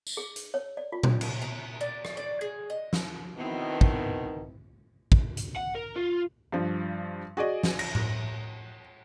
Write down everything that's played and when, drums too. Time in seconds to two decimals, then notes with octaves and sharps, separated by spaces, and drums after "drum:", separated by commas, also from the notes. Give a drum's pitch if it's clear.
0.07 drum: tambourine
0.17 G#4
0.36 drum: hi-hat
0.54 C#5
0.77 D5
0.92 F4
1.03 drum: tom A#2
1.21 drum: cymbal
1.42 A#5
1.81 D5
2.05 drum: rim click
2.17 D5
2.41 G#4
2.70 D#5
2.93 drum: snare
3.37 B2 D#3 B3 C4 E4
3.81 drum: kick
5.12 drum: kick
5.37 drum: hi-hat
5.57 F#5
5.75 A#4
5.96 F4
6.52 G2 F3
7.37 F#4 G#4 D5 D#5
7.63 drum: snare
7.79 A#6, drum: cymbal
7.95 drum: tom A2